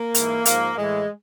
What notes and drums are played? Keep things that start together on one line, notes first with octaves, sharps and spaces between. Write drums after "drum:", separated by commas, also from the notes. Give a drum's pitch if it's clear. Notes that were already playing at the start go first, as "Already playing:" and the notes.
Already playing: A#3
G#2 E3, drum: hi-hat
G#2 F3 A#3, drum: hi-hat
A2 E3 G#3